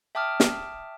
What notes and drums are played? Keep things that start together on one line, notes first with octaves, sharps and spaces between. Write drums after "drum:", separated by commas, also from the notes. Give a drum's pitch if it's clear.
E5 G5 A5 D6 D#6 F6
drum: snare